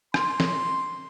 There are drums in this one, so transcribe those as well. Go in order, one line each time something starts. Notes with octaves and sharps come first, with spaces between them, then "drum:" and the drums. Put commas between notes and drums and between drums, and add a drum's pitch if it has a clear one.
C6, drum: rim click
drum: snare